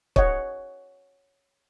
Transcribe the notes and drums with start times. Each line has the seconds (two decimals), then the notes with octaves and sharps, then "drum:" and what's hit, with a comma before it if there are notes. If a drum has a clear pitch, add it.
0.16 C#5 D#5 F#5, drum: kick